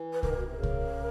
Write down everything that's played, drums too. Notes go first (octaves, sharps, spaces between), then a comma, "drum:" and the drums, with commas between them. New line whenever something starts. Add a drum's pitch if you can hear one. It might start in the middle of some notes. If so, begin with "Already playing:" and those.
Already playing: E3
B4
D#3 A#4, drum: kick C2
B2
C3
C#3
drum: kick C2